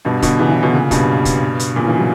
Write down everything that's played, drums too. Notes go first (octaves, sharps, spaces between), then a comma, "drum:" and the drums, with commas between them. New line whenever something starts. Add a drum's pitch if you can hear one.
G2 B2
B2 D3, drum: kick, hi-hat
C#3 E3
C#3 E3
B2 D3
A#2 C#3
G2 B2, drum: kick, hi-hat
drum: kick, hi-hat
drum: hi-hat
A#2 C#3
C#3 E3
F#3